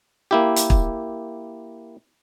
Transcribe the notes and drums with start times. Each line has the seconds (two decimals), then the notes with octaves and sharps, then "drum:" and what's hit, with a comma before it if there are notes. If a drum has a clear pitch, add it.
0.31 A#3 E4 G4
0.56 drum: hi-hat
0.70 drum: kick